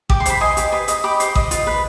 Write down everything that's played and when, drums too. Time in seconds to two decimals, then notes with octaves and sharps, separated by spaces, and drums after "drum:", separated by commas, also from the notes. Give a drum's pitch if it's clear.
0.10 G4 D6, drum: kick A1
0.20 C6
0.26 C5 B5, drum: hi-hat
0.40 D#5 G#5 C6
0.57 G4, drum: hi-hat
0.72 B4
0.88 D#5, drum: hi-hat
1.04 G4 B5 D6
1.20 C5, drum: hi-hat
1.35 D#5, drum: kick A1
1.51 F4, drum: hi-hat
1.67 B4